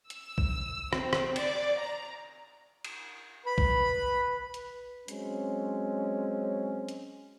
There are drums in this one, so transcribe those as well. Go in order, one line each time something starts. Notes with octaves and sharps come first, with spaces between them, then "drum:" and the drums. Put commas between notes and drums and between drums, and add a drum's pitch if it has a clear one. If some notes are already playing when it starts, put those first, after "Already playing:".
E6, drum: hi-hat
drum: kick B1
C4, drum: rim click
drum: rim click
D5, drum: cymbal
A#5
drum: cymbal
B4 B5
drum: kick B1
drum: hi-hat
F#3 G#3 C4 C#4, drum: hi-hat
drum: hi-hat